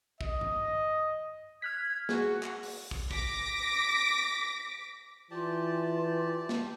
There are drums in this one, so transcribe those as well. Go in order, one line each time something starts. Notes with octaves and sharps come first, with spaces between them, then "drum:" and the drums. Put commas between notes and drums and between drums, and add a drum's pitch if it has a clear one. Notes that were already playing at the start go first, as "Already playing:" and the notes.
D#5, drum: kick
drum: tom G2
F6 F#6 G#6 B6
F#4 G#4, drum: snare
drum: clap
drum: open hi-hat
drum: kick
D6 A#6 B6 D7, drum: kick
E3 F4 G4 D5 A5
drum: snare